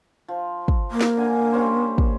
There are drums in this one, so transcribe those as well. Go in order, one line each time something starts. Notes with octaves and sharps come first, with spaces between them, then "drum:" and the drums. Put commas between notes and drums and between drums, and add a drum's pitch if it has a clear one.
F3
drum: kick
A#3
drum: snare
D3 G#5
G3 C#4 C5
drum: kick